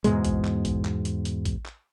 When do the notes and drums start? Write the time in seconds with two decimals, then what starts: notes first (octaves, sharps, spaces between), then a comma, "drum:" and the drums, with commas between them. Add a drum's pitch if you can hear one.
0.04 E2 G#2 B2 G#3, drum: hi-hat
0.25 drum: kick, hi-hat
0.45 drum: clap
0.65 drum: kick, hi-hat
0.85 drum: clap
1.05 drum: hi-hat
1.25 drum: hi-hat
1.45 drum: kick, hi-hat
1.66 drum: clap